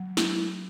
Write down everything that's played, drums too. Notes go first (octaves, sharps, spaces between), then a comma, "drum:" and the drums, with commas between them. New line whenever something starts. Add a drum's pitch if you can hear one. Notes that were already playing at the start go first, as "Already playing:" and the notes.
Already playing: F#3
E4, drum: snare